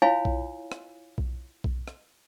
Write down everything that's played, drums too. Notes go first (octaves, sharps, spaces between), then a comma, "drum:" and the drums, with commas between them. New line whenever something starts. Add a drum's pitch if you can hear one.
E4 F4 C#5 F5 G#5 B5
drum: kick B1
drum: rim click
drum: kick B1
drum: kick B1
drum: rim click